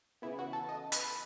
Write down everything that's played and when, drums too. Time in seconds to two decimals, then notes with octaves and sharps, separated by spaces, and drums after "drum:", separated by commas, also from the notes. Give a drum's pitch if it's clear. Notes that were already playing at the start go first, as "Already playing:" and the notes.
0.22 C#3 E3 B3 E4
0.39 F#4
0.53 A4
0.69 D#5
0.92 B4, drum: hi-hat